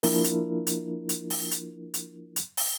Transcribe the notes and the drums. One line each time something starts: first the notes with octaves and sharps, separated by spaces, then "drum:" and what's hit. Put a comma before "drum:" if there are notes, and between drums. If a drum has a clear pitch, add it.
F3 A#3 D4 E4 F4 A#4, drum: open hi-hat
drum: hi-hat
drum: hi-hat
drum: hi-hat
drum: open hi-hat
drum: hi-hat
drum: hi-hat
drum: hi-hat
drum: open hi-hat